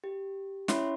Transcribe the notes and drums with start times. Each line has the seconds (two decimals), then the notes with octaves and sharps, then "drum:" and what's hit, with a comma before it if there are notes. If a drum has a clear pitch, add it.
0.04 G4
0.68 C#4 E4 C#5 E5 B5 C6, drum: snare